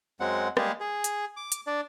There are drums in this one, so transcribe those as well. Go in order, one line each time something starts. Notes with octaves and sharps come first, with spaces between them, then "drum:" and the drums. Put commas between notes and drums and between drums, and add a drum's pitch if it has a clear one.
F#2 F#3 G#3 C4 F#5
G3 G#3 A#3 G4 G#4, drum: rim click
G#4
drum: hi-hat
D6
drum: hi-hat
D4 D5